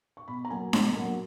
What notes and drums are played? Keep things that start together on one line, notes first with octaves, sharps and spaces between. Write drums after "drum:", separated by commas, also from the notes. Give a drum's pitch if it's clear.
C#6
B2 B5
A#5
F#3 A#3 G#5
B2, drum: snare D4
F#3 A#3